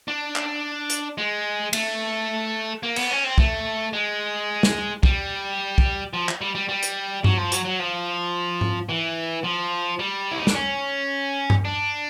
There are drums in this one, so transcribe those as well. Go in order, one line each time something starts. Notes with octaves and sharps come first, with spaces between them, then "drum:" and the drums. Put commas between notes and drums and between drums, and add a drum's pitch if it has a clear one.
D4
drum: clap
drum: hi-hat
G#3
A3, drum: cymbal
A#3
B3, drum: cymbal
C#4
C4
A3, drum: kick
G#3
drum: snare
G3, drum: kick
drum: kick
F3
drum: clap
G3
G3
G3
drum: hi-hat
F#3, drum: tom G2
F3
F#3, drum: hi-hat
F#3
F3
drum: tom G#2
E3
F3
G3
E4
D#4
D4, drum: snare
C#4
drum: tom G2
D4